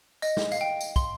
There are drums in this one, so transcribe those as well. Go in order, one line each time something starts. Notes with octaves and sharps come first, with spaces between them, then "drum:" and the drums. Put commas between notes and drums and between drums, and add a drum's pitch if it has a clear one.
D#5, drum: tambourine
drum: snare
F5, drum: tambourine
G5
drum: tambourine
C6, drum: kick, tambourine